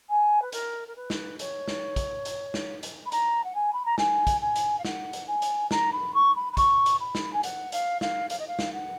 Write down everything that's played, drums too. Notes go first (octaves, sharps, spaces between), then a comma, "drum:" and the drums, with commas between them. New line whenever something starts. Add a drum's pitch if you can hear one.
G#5
B4
A#4, drum: hi-hat
A#4
B4
drum: snare
C#5, drum: hi-hat
drum: snare
drum: kick, hi-hat
drum: hi-hat
drum: snare
drum: hi-hat
B5
A#5, drum: hi-hat
F#5
G#5
B5
A#5
G#5, drum: snare
drum: kick, hi-hat
G#5
drum: hi-hat
F5
F#5, drum: snare
drum: hi-hat
G#5
drum: hi-hat
A#5, drum: snare
B5
C#6
B5
B5
C#6, drum: kick, hi-hat
drum: hi-hat
B5
drum: snare
G#5
F#5, drum: hi-hat
F5, drum: hi-hat
F5, drum: snare
F5, drum: hi-hat
D#5
F5
drum: snare
F#5